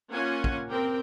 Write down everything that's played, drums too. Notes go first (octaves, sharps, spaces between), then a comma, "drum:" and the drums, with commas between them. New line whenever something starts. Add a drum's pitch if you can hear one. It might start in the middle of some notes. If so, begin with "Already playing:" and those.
A#3 C#4 F4 F#5 G#5
drum: kick
C4 G4 A#4 G5